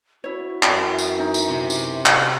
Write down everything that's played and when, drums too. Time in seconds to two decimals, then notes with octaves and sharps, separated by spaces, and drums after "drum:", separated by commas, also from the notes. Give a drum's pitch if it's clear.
0.24 E4 F#4 C#5
0.63 F#2 E3 E4, drum: clap
0.99 drum: tambourine
1.19 D#4
1.34 drum: tambourine
1.50 C3
1.70 drum: tambourine
2.06 drum: clap